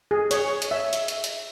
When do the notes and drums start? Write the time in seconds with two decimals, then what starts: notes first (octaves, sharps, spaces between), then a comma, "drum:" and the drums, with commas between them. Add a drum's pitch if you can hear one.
0.11 G#4
0.31 C#5, drum: hi-hat
0.62 drum: hi-hat
0.71 E5
0.93 drum: hi-hat
1.08 drum: hi-hat
1.24 drum: hi-hat